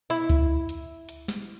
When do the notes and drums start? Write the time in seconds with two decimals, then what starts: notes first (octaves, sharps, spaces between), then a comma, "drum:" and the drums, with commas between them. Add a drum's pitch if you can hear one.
0.10 E4
0.29 drum: kick C#2, hi-hat
0.69 drum: hi-hat
1.09 drum: hi-hat
1.28 drum: snare